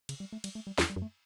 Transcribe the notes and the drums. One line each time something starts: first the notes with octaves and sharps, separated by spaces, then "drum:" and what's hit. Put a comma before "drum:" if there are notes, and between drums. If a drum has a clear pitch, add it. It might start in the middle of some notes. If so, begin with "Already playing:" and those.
C#3, drum: cymbal
G3
A3
G3, drum: cymbal
A3
G3
E2 G3, drum: snare
G3
F#2
A3